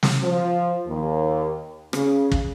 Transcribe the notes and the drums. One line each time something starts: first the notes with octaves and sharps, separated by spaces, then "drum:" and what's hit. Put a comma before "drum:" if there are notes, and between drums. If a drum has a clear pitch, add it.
drum: snare
F3
D#2
C#3, drum: rim click
drum: kick